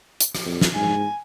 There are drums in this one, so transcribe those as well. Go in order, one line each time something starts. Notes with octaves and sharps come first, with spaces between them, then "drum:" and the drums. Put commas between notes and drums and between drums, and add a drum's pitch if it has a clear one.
drum: hi-hat
drum: rim click
F2
drum: snare
G#2 G#5